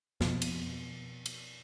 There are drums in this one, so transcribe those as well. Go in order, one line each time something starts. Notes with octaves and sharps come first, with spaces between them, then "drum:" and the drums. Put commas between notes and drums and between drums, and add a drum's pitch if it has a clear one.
F2 B2, drum: snare
drum: cymbal
drum: cymbal